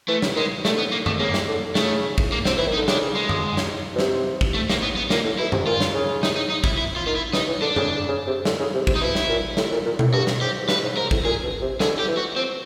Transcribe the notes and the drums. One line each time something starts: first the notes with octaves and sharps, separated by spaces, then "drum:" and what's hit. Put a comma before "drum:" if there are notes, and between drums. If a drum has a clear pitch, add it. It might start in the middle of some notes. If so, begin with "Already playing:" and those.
E3 A3
drum: snare
D#3 G#3
D3 A3, drum: snare
B3
A#3
A3, drum: tom F#2
C#3 A#3
drum: snare
D3
C#3 A3, drum: snare
drum: kick
A#3
F3 C4, drum: snare
E3 E4
D#3
D#4
D3
C#3 D4, drum: snare
G#3
drum: tom F#2
drum: snare
B2
C3, drum: snare
drum: kick
A3
A#3, drum: snare
B3
B3
A#2 A#3, drum: snare
A2
B2 E4
C3, drum: tom F#2
A#2 F4
drum: snare
C#3
D#4, drum: snare
D#4
D#4
E4, drum: kick
E4
F4
D#3 F4
E4
E3 D#4, drum: snare
E3
D3 D4
C#3, drum: tom F#2
C#3
C3
D3, drum: snare
C#3
C3
C3, drum: kick
D#4
B2 E4
drum: snare
A#2
A2, drum: snare
A#2
A#2
A2, drum: tom B2
G2 F#4
drum: snare
G#2 G4
G2 B4, drum: snare
G#2
G#2 A#4
A2, drum: kick
A#2 G#4
B2
C3
D3 G#4, drum: snare
G4
E3
F#4
F3 C4